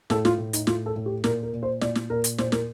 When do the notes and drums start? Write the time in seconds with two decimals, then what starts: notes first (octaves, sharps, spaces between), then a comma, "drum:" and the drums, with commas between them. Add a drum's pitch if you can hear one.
0.10 A2 A4, drum: snare
0.25 F4, drum: snare
0.38 A2
0.53 D#4, drum: hi-hat
0.67 A2 F4, drum: snare
0.86 A4
0.96 A2
1.06 G4
1.24 A#2 A#4, drum: snare
1.43 A#4
1.53 A#2
1.63 C5
1.81 A#2 D5, drum: snare
1.95 drum: snare
2.10 A#2 A#4
2.24 drum: hi-hat
2.38 A#2 C5, drum: snare
2.52 A#4, drum: snare